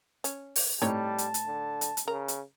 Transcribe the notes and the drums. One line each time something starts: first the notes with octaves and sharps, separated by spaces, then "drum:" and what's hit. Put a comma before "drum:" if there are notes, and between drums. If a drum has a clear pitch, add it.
C#4, drum: hi-hat
drum: open hi-hat
A2 G3 C4 D#4 C#5 A5
drum: hi-hat
drum: hi-hat
D3
drum: hi-hat
drum: hi-hat
C#3 A#4
drum: hi-hat